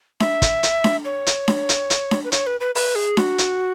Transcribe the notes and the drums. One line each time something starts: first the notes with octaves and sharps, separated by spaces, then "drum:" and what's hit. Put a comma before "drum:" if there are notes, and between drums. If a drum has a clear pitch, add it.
E5, drum: snare D4
drum: kick, hi-hat
drum: hi-hat
drum: snare D4
C#5
drum: hi-hat
drum: snare D4
drum: hi-hat
drum: hi-hat
drum: snare D4
B4
C#5, drum: hi-hat
B4
B4
B4, drum: open hi-hat
G#4
F#4, drum: snare D4
drum: hi-hat